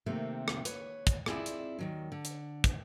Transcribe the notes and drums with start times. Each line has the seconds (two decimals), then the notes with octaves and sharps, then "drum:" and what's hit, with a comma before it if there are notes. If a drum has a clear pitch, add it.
0.06 C3 D#3 A3 A#3 C4
0.48 drum: rim click
0.65 B4 C#5, drum: hi-hat
1.07 drum: kick, hi-hat
1.26 C4 E4 F4 G#4 D5, drum: rim click
1.46 drum: hi-hat
1.79 D#2 D#3 F#3
2.12 D3
2.25 drum: hi-hat
2.64 drum: kick, hi-hat